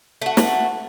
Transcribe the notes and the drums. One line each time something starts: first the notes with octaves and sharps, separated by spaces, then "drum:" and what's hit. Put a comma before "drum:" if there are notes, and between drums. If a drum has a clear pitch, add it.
A3 F#4
drum: snare